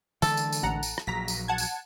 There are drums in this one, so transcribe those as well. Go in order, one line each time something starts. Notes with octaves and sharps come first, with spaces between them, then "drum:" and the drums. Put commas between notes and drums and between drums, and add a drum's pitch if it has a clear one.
D3 E3 G#3 A4, drum: tambourine
drum: tambourine
drum: tambourine
A1 F#5 A#5
drum: tambourine
drum: rim click
A#1 F#3 A#5 A#6 B6
drum: tambourine
F#5 A5 G#6
drum: tambourine